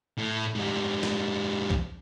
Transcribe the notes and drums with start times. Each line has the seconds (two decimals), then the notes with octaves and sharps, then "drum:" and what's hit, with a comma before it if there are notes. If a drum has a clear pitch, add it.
0.18 A2
0.55 G#2 G3
1.03 drum: snare
1.70 drum: kick B1